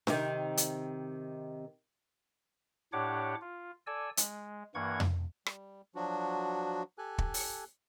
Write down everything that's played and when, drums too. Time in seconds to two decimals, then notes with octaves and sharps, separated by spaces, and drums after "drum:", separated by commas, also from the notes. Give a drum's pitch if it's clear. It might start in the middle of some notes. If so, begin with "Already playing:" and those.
0.07 C3 D#3, drum: snare D4
0.57 drum: hi-hat
2.93 A2 D4 G4 C#5 F#5 D6
3.41 F4
3.87 A4 D5 G#5 E6
4.17 G#3, drum: hi-hat
4.75 G2 E3 A#3 F#5 C#6 G#6
5.00 drum: tom F2
5.46 G3, drum: rim click
5.95 F3 F#3 D4 F#4
6.98 G4 A4 G#5 F#6
7.18 drum: kick
7.34 drum: open hi-hat